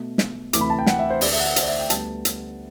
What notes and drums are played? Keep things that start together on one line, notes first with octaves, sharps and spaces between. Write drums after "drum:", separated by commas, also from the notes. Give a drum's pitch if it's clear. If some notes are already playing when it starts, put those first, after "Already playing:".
Already playing: B2 A3
drum: snare
D2 C3 E3 A3 D6, drum: hi-hat
B5
A5
G5
F#5, drum: snare
E5
C5
D2 D3 A3 D5, drum: open hi-hat
E5
F#5
E5
C5, drum: hi-hat
D5
E5
G5
D2 D3 G3 B3 A5, drum: hi-hat
drum: hi-hat